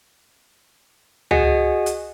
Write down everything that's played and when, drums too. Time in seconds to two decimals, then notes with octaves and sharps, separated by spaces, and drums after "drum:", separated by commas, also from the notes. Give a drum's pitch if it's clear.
1.31 F#4 G#4 D#5 F#5 G#5, drum: tom C#2
1.86 drum: hi-hat